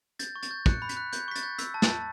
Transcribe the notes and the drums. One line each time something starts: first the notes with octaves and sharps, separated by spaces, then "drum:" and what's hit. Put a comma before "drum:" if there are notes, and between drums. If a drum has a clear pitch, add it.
G6 A6, drum: hi-hat
C#6
A6, drum: hi-hat
G6
F#6 C#7, drum: kick
B5
B6, drum: hi-hat
F#6
G6, drum: hi-hat
C#6 B6
A6, drum: hi-hat
G6
E6 B6, drum: hi-hat
A5
A6, drum: snare
A5